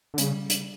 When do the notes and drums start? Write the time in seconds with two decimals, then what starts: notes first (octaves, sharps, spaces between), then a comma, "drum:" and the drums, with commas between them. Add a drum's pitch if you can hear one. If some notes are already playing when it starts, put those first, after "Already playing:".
0.14 D3
0.18 C#3 G3, drum: hi-hat
0.50 drum: hi-hat